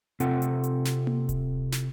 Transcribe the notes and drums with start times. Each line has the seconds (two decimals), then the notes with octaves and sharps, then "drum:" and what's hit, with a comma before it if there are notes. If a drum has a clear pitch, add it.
0.20 C3 C4 F4 A4 F#5, drum: hi-hat
0.42 drum: hi-hat
0.64 drum: hi-hat
0.85 drum: snare
1.07 drum: tom A#3
1.29 drum: kick D1, hi-hat
1.72 drum: snare